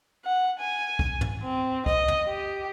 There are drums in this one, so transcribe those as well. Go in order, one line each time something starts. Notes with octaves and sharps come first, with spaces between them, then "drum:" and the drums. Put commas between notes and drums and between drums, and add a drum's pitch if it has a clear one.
F#5
G#5
drum: kick C2
drum: tom
C4
D#5, drum: kick C2
drum: tom
G4